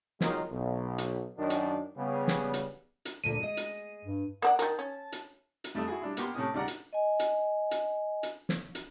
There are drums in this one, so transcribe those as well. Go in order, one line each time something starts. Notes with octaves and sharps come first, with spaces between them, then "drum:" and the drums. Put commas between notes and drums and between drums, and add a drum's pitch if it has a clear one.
D#3 F#3 G#3 A#3 D#4 F4, drum: snare
B1
drum: hi-hat
F#2 D#3 D4
drum: hi-hat
C#3 G3 B3
drum: snare
drum: hi-hat
drum: hi-hat
D2 A#2 D3 D#7
G#3 D#5
drum: hi-hat
G2
A#3 A#4 D5 F#5
D#3 A#4 A5, drum: hi-hat
C#4
drum: hi-hat
drum: hi-hat
F2 G3 A3 E5 D#6
E4 F#4 G#4
G3 D4 E4
A#3 B3 G4 C6, drum: hi-hat
A2 C3 C#4 D#6
D#2 C#3 G3 D5 F#5 A#5
drum: hi-hat
D#5 G#5
drum: hi-hat
drum: hi-hat
drum: hi-hat
drum: snare
drum: hi-hat